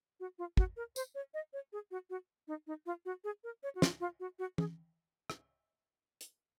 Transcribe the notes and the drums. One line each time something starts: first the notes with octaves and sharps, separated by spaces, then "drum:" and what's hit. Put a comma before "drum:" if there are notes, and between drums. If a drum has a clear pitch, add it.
F#4
F4
F#4, drum: kick
A#4
C5, drum: tambourine
C#5
D#5
C#5
G#4
F#4
F#4
D#4
D#4
F4
F#4
G#4
A#4
C#5
F#4
F4, drum: snare
F4
F#4
F#4
G#4, drum: tom
drum: rim click
drum: hi-hat